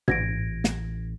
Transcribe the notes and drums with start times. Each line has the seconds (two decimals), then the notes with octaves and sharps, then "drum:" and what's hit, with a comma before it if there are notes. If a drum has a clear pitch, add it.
0.08 A1 G#6 A#6 D7, drum: tom
0.64 drum: snare